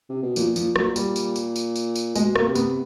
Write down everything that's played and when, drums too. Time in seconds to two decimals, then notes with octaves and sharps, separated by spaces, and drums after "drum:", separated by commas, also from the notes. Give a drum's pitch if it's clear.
0.09 C3
0.22 B2
0.36 A#2 F3, drum: tambourine
0.56 F3, drum: tambourine
0.76 F#3, drum: rim click
0.96 G3, drum: tambourine
1.16 drum: tambourine
1.36 drum: tambourine
1.56 drum: tambourine
1.76 drum: tambourine
1.95 drum: tambourine
2.15 B2 G#3, drum: tambourine
2.36 A#3, drum: rim click
2.46 C3
2.55 B3, drum: tambourine